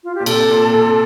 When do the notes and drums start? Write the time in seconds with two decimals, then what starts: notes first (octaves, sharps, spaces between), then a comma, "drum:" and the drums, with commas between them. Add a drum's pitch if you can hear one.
0.04 F4
0.15 G4
0.20 A#2
0.26 C3 A4, drum: cymbal
0.51 A#2
0.75 C3